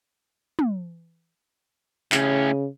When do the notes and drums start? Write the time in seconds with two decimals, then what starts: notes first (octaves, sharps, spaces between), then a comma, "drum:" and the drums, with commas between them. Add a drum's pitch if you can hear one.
0.59 drum: tom
2.12 A2 C#3 C#4, drum: clap